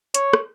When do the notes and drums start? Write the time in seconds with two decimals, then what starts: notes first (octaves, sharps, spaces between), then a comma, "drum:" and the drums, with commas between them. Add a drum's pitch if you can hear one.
0.14 C#5, drum: hi-hat
0.33 drum: rim click